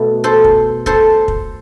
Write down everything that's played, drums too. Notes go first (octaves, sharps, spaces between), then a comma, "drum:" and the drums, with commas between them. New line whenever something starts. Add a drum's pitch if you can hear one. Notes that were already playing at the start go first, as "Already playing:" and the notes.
Already playing: B2 A3
A4 C5
drum: kick
A4 C5, drum: kick
drum: kick